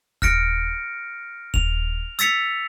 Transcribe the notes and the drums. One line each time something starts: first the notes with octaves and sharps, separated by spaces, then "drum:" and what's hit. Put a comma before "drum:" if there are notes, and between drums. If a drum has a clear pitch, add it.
F6 F#6 A#6 C#7 D7, drum: kick D#1
F7, drum: kick D#1
E6 A6 B6 C#7 F7, drum: hi-hat